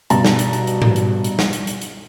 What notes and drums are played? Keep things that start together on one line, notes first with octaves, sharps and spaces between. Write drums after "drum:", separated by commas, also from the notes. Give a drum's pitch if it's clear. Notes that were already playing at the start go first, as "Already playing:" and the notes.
G2 B2 A5 A#5, drum: hi-hat
drum: snare
drum: hi-hat
drum: hi-hat
drum: hi-hat
drum: tom G#2
drum: hi-hat
drum: hi-hat
drum: snare
drum: hi-hat
drum: hi-hat
drum: hi-hat